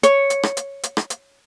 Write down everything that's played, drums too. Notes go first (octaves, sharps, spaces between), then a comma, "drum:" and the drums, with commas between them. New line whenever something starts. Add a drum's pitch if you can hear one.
C#5, drum: hi-hat
drum: hi-hat
drum: rim click
drum: hi-hat
drum: hi-hat
drum: rim click
drum: hi-hat